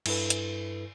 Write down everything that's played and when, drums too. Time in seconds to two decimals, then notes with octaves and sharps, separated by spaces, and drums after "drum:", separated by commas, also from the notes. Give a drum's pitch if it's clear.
0.06 G2 E4 A4 B4, drum: cymbal
0.30 drum: hi-hat